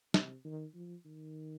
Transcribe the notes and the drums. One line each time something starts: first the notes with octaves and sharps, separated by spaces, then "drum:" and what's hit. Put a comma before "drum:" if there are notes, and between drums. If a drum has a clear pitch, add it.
C3, drum: snare
D#3
F3
D#3